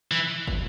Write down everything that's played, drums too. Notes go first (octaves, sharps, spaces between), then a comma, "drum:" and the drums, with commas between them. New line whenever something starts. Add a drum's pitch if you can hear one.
E3
drum: kick